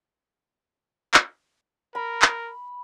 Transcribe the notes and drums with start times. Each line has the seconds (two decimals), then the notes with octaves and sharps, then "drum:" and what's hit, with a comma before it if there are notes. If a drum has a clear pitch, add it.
1.14 drum: clap
1.95 A#4 B5
2.22 drum: clap